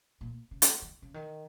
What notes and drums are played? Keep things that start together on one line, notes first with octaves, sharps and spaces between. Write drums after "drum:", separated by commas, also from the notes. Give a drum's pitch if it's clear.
A#2
C#3
drum: hi-hat
D#3
C#3
D#3